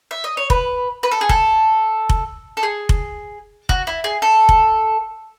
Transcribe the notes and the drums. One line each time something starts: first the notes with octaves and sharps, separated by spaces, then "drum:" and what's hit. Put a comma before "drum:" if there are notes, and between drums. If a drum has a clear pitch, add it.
E5
D#5
C#5
B4, drum: kick F1
B4
A4
G#4
A4, drum: kick F1
drum: kick F1
A4
G#4
drum: kick F1
F#4, drum: kick F1
E4
G#4
A4
drum: kick F1